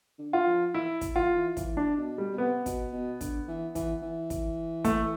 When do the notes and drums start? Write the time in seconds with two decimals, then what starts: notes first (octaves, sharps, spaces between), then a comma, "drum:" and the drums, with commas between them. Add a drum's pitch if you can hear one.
0.19 D3
0.33 F4
0.47 F3
0.73 E3 E4
1.01 drum: kick, hi-hat
1.15 E3 F4
1.36 E3
1.57 E3, drum: kick, hi-hat
1.77 D4
1.97 B2
2.18 G3
2.33 B2
2.38 C3 B3
2.66 B2, drum: kick, hi-hat
2.93 B2
3.21 D3, drum: kick, hi-hat
3.48 E3
3.75 E3, drum: kick, hi-hat
4.02 E3
4.30 drum: kick, hi-hat
4.84 A3, drum: kick, hi-hat